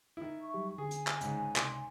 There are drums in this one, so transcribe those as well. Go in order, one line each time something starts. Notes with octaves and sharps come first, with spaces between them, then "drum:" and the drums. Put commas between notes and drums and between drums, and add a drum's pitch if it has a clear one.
D#3 E4
E5 C#6
F#3 G3 G4
D3 G#4 G#5
drum: hi-hat
drum: clap
C#2 G#2, drum: hi-hat
C3 C6, drum: clap